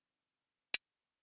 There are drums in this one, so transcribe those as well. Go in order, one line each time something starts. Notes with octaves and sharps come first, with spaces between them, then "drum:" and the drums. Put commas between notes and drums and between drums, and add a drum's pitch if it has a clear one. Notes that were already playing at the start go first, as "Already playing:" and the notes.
Already playing: C3 D#3 F#3
drum: hi-hat